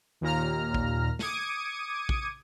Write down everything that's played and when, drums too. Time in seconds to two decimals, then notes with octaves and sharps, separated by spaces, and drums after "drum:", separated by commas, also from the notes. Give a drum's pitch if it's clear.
0.21 D#2 A#2 A#5 F6
0.74 drum: kick A#1
1.19 D6 D#6 G#6 C#7 D#7, drum: snare
2.09 drum: kick A#1